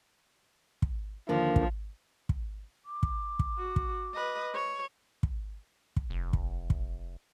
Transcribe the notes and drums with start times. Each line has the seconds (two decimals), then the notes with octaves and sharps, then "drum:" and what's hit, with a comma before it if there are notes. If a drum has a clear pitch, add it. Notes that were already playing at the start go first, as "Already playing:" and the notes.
0.82 drum: kick
1.29 D#2 D3 F3 A#4
1.56 drum: kick
2.29 drum: kick
2.85 D6
3.03 drum: kick
3.39 drum: kick
3.58 F#4
3.76 drum: kick
4.14 B4 D#5
4.54 C#5
5.23 drum: kick
5.97 drum: kick
6.10 F1
6.33 drum: kick
6.70 drum: kick